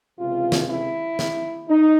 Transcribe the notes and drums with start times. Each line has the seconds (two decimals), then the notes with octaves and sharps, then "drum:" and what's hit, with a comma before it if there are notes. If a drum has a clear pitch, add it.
0.19 C#2 C3 E3 F4
0.52 drum: snare
0.68 E4
1.19 drum: snare
1.69 D#4